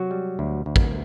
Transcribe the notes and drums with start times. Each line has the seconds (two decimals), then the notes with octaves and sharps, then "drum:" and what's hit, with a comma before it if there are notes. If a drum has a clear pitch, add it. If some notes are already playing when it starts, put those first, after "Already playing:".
Already playing: C3 F#3 F#4
0.11 G3
0.39 D2
0.66 D2
0.76 drum: kick